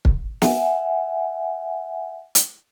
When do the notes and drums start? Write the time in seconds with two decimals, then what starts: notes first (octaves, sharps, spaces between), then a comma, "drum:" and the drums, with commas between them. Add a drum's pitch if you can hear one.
0.05 drum: kick
0.42 E5 F#5 G#5, drum: snare
2.35 drum: hi-hat